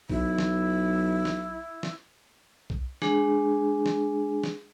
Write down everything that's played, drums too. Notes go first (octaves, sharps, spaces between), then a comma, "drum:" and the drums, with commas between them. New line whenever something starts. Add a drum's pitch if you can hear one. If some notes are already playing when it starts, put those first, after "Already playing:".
B1 E4, drum: kick B1
drum: snare
drum: snare
drum: snare
drum: kick B1
G#3 D4 G#4, drum: snare
drum: snare
drum: snare